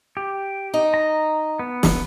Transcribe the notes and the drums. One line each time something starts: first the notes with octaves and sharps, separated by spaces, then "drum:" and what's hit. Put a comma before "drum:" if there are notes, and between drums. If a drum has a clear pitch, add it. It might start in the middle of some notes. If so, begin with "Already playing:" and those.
G4
D#4
A#5
B3
drum: snare